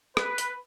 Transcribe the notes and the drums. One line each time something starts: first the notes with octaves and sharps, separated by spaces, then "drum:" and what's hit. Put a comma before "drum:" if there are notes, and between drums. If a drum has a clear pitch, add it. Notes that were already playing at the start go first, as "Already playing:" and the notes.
B4, drum: rim click
drum: hi-hat